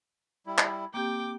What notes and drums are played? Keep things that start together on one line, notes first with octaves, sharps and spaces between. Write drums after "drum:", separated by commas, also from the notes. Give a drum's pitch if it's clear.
G3 E4
drum: clap
A#3 C4 G4 G5 D6